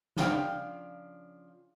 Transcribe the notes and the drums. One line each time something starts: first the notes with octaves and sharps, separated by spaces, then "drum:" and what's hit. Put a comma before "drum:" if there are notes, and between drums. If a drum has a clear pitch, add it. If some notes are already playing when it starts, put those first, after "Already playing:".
C#3 F3 D4 G#4 F5 G5, drum: snare